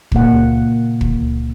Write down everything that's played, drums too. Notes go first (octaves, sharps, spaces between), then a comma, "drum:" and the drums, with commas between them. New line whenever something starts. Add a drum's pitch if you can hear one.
A#2 C#3 A#3 F#5, drum: kick
drum: kick